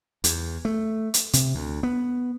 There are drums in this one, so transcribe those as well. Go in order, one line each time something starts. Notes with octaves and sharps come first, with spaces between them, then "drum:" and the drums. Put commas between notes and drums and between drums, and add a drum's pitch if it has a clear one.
E2, drum: hi-hat
A3
drum: hi-hat
C3, drum: hi-hat
D2
B3